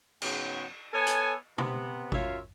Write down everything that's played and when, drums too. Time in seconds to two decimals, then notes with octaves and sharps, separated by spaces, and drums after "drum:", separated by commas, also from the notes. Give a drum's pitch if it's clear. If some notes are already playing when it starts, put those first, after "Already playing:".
0.22 G#2 C#3 F#3 B3 G5, drum: cymbal
0.93 B3 A4 C#5 G#5
1.07 drum: hi-hat
1.58 C3 B3, drum: tom B2
2.12 F#2 F4 C#5 E5 F5, drum: kick G#1